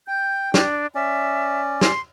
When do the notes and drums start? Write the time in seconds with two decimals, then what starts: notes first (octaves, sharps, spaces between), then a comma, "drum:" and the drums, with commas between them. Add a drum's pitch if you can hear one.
0.08 G5 G6
0.54 D4, drum: snare
0.95 C#4 D5 E5
1.81 C6, drum: snare